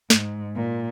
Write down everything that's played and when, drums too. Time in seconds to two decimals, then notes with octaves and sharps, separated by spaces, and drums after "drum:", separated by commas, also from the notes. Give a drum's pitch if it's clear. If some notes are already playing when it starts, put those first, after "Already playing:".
0.10 G#2, drum: snare
0.56 A#2